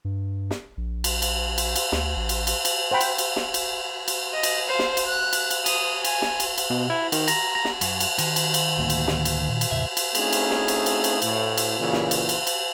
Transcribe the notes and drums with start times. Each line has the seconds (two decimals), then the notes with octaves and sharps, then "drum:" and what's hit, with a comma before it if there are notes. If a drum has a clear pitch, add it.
0.05 G2
0.51 drum: snare
0.77 A#1
1.04 drum: cymbal
1.22 drum: cymbal
1.58 drum: cymbal
1.76 drum: cymbal
1.92 D2, drum: snare
2.16 A1
2.29 drum: cymbal
2.47 drum: cymbal
2.65 drum: cymbal
2.91 C5 F#5 G5 B5 C6
3.01 drum: cymbal
3.18 drum: cymbal
3.36 drum: snare
3.54 drum: cymbal
4.08 drum: cymbal
4.34 D#5
4.43 drum: cymbal
4.67 C5 F5
4.79 drum: snare
4.97 drum: cymbal
5.06 F#6
5.33 drum: cymbal
5.50 drum: cymbal
5.66 D#6, drum: cymbal
6.04 G#5, drum: cymbal
6.22 drum: snare
6.40 drum: cymbal
6.58 drum: cymbal
6.70 B2
6.90 E4
7.12 D#3, drum: cymbal
7.28 A#5, drum: cymbal
7.55 A#5
7.65 drum: snare
7.81 F#2, drum: cymbal
8.00 drum: cymbal
8.18 D#3, drum: cymbal
8.36 drum: cymbal
8.54 drum: cymbal
8.78 D2 A2 A#3
8.90 drum: cymbal
9.08 drum: snare
9.25 drum: cymbal
9.49 A#2
9.61 drum: cymbal
9.71 E2 A#2 C#3 E5
9.97 drum: cymbal
10.15 A3 C4 C#4 D#4 E4 G#4, drum: cymbal
10.32 drum: cymbal
10.50 drum: snare
10.68 drum: cymbal
10.86 drum: cymbal
11.04 drum: cymbal
11.22 A2, drum: cymbal
11.57 drum: cymbal
11.78 A#2 C#3 E3
11.93 drum: snare
12.11 drum: cymbal
12.29 drum: cymbal
12.47 drum: cymbal